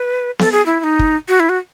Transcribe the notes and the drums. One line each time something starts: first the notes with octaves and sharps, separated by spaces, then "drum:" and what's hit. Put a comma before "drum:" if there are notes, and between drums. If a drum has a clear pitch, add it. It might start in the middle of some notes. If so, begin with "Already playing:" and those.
Already playing: B4
A4, drum: snare B3
G#4
E4
E4
D#4
drum: kick
F#4
E4
F#4